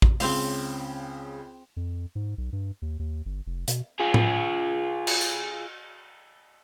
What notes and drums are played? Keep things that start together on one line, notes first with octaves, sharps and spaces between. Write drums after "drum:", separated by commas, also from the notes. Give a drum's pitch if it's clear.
drum: kick A1
C#2 C#3 C4 C5 F5, drum: open hi-hat
F2
G#2
B1
G2
D#2
D#2
G1
F1
B2, drum: hi-hat
F4 G#4
drum: tom A2
drum: cymbal
drum: tambourine